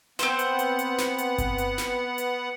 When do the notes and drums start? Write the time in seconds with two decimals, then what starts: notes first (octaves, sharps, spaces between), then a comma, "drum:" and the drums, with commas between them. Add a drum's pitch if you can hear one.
0.19 B3 C4 C5 F#5, drum: snare
0.39 drum: hi-hat
0.59 drum: hi-hat
0.79 drum: hi-hat
0.99 drum: snare
1.18 drum: hi-hat
1.38 drum: kick G1, hi-hat
1.58 drum: hi-hat
1.78 drum: snare
2.18 drum: hi-hat